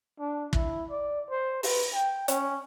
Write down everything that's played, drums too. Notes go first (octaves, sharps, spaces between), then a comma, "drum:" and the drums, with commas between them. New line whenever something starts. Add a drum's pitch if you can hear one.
D4
E4, drum: kick
D5
C5
B4, drum: open hi-hat
G5
C#4, drum: hi-hat